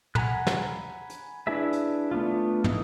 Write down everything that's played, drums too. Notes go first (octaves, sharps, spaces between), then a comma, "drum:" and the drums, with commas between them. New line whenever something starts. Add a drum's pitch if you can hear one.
F#5 G#5 A#5 B5 F#6, drum: tom
drum: snare
drum: hi-hat
D4 E4 G#4 B4 E5
drum: hi-hat
A3 B3 D4 F4
E3 D#4, drum: tom